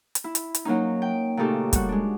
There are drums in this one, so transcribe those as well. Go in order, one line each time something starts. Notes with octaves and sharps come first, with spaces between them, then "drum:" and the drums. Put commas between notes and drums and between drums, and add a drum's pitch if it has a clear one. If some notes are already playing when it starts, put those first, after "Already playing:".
drum: hi-hat
E4
drum: hi-hat
drum: hi-hat
F#3 A#3 C#4 D#4
G5
A#2 C#3 A3 D#4 G4 A4
G3 F#4, drum: kick, hi-hat
G#3 D4